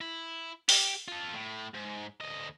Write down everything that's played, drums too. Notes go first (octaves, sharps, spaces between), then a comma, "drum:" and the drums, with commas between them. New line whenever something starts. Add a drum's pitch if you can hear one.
E4
G4, drum: open hi-hat
F4 A4
A2
G#2
D2 D#5